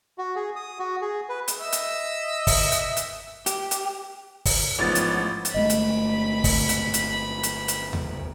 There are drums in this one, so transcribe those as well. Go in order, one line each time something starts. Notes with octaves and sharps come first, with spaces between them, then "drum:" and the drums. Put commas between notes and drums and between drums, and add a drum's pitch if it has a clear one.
F#4
G#4
D#6
F#4
G#4
B4
drum: hi-hat
D#5 E5 E6
drum: hi-hat
drum: kick, open hi-hat
drum: hi-hat
drum: hi-hat
G4, drum: hi-hat
drum: hi-hat
drum: kick, open hi-hat
A1 G#2 F3 B3 A6
drum: hi-hat
drum: hi-hat
G1 G#3 A3 D#5 B5
drum: hi-hat
drum: kick, open hi-hat
drum: hi-hat
drum: hi-hat
drum: hi-hat
drum: hi-hat
drum: tom D#2